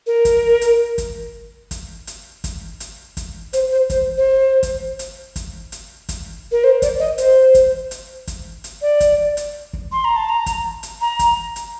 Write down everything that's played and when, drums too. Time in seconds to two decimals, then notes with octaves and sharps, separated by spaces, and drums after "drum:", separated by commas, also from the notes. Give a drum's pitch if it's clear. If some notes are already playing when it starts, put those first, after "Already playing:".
0.07 A#4
0.25 drum: kick, hi-hat
0.61 drum: hi-hat
0.98 drum: kick, hi-hat
1.71 drum: kick, hi-hat
2.07 drum: hi-hat
2.44 drum: kick, hi-hat
2.80 drum: hi-hat
3.17 drum: kick, hi-hat
3.53 C5, drum: hi-hat
3.71 C5
3.90 C5, drum: kick, hi-hat
4.18 C5
4.63 drum: kick, hi-hat
4.99 drum: hi-hat
5.36 drum: kick, hi-hat
5.72 drum: hi-hat
6.09 drum: kick, hi-hat
6.52 A#4
6.64 C5
6.82 D5, drum: kick, hi-hat
7.00 D#5
7.18 C5, drum: hi-hat
7.55 drum: kick, hi-hat
7.91 drum: hi-hat
8.27 drum: kick, hi-hat
8.64 drum: hi-hat
8.82 D5
9.00 drum: kick, hi-hat
9.37 drum: hi-hat
9.73 drum: kick
9.92 C6
10.05 A#5
10.16 A5
10.29 A#5
10.46 drum: kick, hi-hat
10.83 drum: hi-hat
11.01 A#5
11.19 drum: kick, hi-hat
11.56 drum: hi-hat